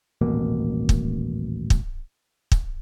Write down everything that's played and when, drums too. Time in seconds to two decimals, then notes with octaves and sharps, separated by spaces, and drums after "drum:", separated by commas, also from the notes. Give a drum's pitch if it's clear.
0.21 D#1 A1 B2 A#3
0.89 drum: kick
1.70 drum: kick
2.52 drum: kick